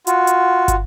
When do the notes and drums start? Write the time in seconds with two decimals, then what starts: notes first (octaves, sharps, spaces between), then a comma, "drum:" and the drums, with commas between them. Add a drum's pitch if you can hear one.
0.07 F4 F#4, drum: hi-hat
0.27 drum: hi-hat
0.68 drum: kick, hi-hat